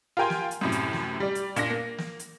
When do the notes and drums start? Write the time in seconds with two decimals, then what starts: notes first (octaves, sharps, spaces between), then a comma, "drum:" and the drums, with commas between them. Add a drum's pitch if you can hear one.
0.17 F4 G4 A#4 G5 G#5 C6
0.30 drum: snare
0.51 drum: hi-hat
0.61 F#2 A2 C3
0.72 drum: hi-hat
0.93 drum: snare
1.20 G3 D5
1.35 drum: hi-hat
1.56 A#2 D4 A#6, drum: hi-hat
1.70 A#3
1.98 drum: snare
2.19 drum: hi-hat